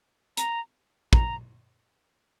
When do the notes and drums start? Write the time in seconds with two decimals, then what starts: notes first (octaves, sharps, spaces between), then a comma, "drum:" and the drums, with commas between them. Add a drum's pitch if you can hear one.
0.37 A#5, drum: hi-hat
1.13 A#5, drum: kick